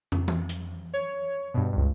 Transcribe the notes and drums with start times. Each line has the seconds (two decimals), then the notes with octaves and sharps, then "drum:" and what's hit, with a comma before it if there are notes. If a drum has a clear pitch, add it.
0.12 drum: tom
0.28 drum: tom E3
0.49 drum: hi-hat
0.94 C#5
1.54 G2 B2
1.72 C#2 G2